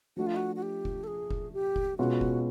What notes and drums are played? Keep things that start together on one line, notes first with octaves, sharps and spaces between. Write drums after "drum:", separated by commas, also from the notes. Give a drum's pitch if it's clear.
F3 A3 D4 F#4
F4
F#4
F#4
G4
drum: kick F1
A4
G#4
drum: kick F1
G4
drum: kick F1
B2 G#3 C#4 F4 F#4
drum: kick F1